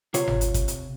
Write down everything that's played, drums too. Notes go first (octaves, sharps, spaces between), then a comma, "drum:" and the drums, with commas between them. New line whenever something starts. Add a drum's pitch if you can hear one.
C3 F4 C#5, drum: hi-hat
drum: tom G1
drum: hi-hat
drum: kick G1, hi-hat
drum: hi-hat